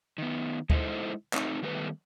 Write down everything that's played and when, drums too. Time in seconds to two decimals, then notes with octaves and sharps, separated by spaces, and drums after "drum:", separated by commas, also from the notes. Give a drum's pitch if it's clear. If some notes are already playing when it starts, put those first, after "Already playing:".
0.18 D#3 B3
0.70 G#3 A3 D#4 E4 A4 C5, drum: kick D2
1.34 A3 C4 D#4, drum: clap
1.62 D#3 G3 A3 B3 B4